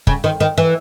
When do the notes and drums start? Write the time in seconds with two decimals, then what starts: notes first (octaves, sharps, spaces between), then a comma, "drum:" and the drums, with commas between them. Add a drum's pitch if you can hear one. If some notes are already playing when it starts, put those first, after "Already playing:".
0.07 C#3, drum: kick
0.24 D#3
0.40 D#3
0.58 E3